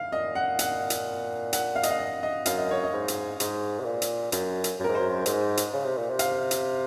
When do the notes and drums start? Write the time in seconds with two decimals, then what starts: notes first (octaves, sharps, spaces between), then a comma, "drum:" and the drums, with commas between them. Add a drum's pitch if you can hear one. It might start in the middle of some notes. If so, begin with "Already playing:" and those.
Already playing: F5
0.12 A#2 D#5
0.35 F#5
0.59 F#5, drum: hi-hat
0.90 drum: hi-hat
1.53 F#5, drum: hi-hat
1.76 F5
1.83 D#5, drum: hi-hat
1.90 F5
1.99 D#5
2.23 D#5
2.46 F#2 F5, drum: hi-hat
2.58 D#5
2.71 C#5
2.83 D#5
2.93 G#2
3.08 drum: hi-hat
3.40 G#2, drum: hi-hat
3.80 C3
3.85 A#2
4.02 drum: hi-hat
4.32 F#2, drum: hi-hat
4.64 drum: hi-hat
4.80 F#2
4.84 G#2 A#4
4.95 F#2 C5
5.26 G#2, drum: hi-hat
5.57 drum: hi-hat
5.74 C#3
5.85 C3
5.98 A#2
6.10 C3
6.19 F5, drum: hi-hat
6.51 drum: hi-hat